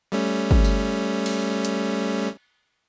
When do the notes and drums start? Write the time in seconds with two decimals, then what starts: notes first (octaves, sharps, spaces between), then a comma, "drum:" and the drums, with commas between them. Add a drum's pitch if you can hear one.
0.12 G3 A3 C#4
0.51 drum: kick
0.64 drum: tambourine
1.26 drum: cymbal
1.65 drum: hi-hat